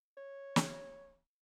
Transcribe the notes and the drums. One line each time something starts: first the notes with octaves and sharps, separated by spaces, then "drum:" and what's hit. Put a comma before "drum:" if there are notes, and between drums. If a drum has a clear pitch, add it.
C#5
drum: snare